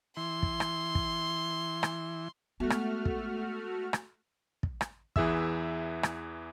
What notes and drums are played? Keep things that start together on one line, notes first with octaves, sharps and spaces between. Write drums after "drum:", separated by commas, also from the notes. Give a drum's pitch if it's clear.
E3 C6
drum: kick
drum: rim click
drum: kick
drum: rim click
G#3 A3 B3 F#4 F6
drum: rim click
drum: kick
drum: rim click
drum: kick
drum: rim click
E2 E3 G#4 E5 E6, drum: kick
drum: rim click